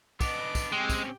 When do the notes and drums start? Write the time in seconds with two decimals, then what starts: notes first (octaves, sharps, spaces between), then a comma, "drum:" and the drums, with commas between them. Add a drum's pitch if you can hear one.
0.21 B3 D4 D#5 D6, drum: kick, tambourine
0.55 drum: kick, tambourine
0.72 G#3 C4 C#4 G4 G5
0.89 drum: kick, tambourine